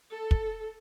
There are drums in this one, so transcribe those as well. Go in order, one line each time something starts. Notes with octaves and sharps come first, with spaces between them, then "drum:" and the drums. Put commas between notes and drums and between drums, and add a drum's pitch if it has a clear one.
A4
drum: kick